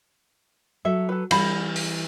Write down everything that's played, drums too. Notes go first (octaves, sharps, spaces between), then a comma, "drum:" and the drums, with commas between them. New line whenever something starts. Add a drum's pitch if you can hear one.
F#3 A4 E5
A4 B4
E3 G3 F5 B5, drum: cymbal
drum: open hi-hat